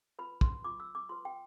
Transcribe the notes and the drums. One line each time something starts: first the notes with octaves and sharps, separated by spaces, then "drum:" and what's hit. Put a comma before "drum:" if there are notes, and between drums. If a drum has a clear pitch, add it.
F4 B4 B5
C6, drum: kick
F4 B4 D6
E6
D6
F4 B4 C6
G5